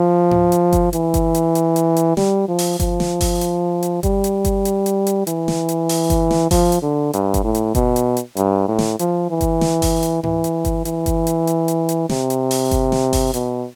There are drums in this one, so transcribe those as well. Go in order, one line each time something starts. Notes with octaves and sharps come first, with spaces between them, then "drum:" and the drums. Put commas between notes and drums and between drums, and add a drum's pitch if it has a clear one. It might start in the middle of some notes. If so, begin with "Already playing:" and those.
Already playing: F3
drum: tom G#2
drum: hi-hat
drum: kick G1, hi-hat
E3, drum: hi-hat
drum: kick G1, hi-hat
drum: hi-hat
drum: hi-hat
drum: hi-hat
drum: hi-hat
G3, drum: snare
F3
drum: open hi-hat
F3, drum: kick G1, hi-hat
drum: snare
drum: kick G1, open hi-hat
drum: hi-hat
drum: hi-hat
G3, drum: kick G1, hi-hat
drum: hi-hat
drum: kick G1, hi-hat
drum: hi-hat
drum: hi-hat
drum: hi-hat
E3, drum: hi-hat
drum: snare
drum: hi-hat
drum: open hi-hat
drum: kick G1, hi-hat
drum: snare
F3, drum: kick G1, open hi-hat
drum: hi-hat
D3
G2, drum: hi-hat
drum: kick G1, hi-hat
A2
drum: hi-hat
B2, drum: kick G1, hi-hat
drum: hi-hat
drum: hi-hat
G2, drum: hi-hat
A2
drum: snare
F3, drum: hi-hat
E3
drum: kick G1, hi-hat
drum: snare
drum: kick G1, open hi-hat
drum: hi-hat
E3, drum: tom G#2
drum: hi-hat
drum: kick G1, hi-hat
E3, drum: hi-hat
drum: kick G1, hi-hat
drum: hi-hat
drum: hi-hat
drum: hi-hat
drum: hi-hat
C3, drum: snare
drum: hi-hat
drum: open hi-hat
drum: kick G1, hi-hat
drum: snare
drum: kick G1, open hi-hat
B2, drum: hi-hat